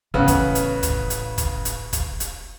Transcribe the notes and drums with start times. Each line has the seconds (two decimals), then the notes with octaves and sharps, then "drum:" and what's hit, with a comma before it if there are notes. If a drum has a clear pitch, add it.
0.14 A1 C#3 B3
0.28 drum: kick, hi-hat
0.55 drum: hi-hat
0.83 drum: kick, hi-hat
1.10 drum: hi-hat
1.38 drum: kick, hi-hat
1.65 drum: hi-hat
1.93 drum: kick, hi-hat
2.20 drum: hi-hat